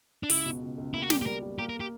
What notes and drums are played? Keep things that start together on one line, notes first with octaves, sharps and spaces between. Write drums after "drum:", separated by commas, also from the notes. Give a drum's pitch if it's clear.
D4
C#2 E4, drum: open hi-hat
B2
C#2
C#2
A#3 E4
F#4
G3 G4, drum: snare
G4
G3 A#4
G3
A#3 G4
A#4
G4